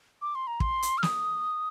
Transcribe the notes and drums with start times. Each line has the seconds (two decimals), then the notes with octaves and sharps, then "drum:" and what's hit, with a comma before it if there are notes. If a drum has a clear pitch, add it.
0.22 D6
0.35 C6
0.47 A#5
0.60 C6, drum: kick
0.82 drum: hi-hat
0.98 F6
1.03 D#6, drum: snare